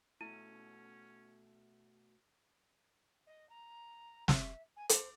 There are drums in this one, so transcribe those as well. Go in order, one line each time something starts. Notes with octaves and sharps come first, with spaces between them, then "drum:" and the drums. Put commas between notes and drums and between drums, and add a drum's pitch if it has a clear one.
B2 A3 C#4 E4 D#7
D#5
A#5
E5, drum: snare
G#5
C5, drum: hi-hat